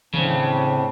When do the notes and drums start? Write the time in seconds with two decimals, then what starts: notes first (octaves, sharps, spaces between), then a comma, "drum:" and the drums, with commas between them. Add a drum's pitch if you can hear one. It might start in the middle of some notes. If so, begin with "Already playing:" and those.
0.14 A2 C#3 C4 D4, drum: tom D#3